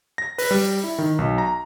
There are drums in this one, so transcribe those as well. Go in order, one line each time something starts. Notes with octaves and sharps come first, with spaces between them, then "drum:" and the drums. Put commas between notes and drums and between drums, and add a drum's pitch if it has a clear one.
A#6
B4, drum: open hi-hat
G3
E4
D#3
B1
A#5